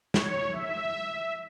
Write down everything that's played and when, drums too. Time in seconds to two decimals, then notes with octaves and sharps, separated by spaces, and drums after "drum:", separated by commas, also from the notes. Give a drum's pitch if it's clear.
0.14 C#5, drum: snare
0.52 E5